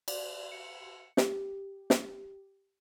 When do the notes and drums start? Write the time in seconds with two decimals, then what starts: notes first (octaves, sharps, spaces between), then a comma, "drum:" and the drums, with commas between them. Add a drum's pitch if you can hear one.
0.08 D5, drum: cymbal
0.52 C#7
1.17 G4, drum: snare
1.90 drum: snare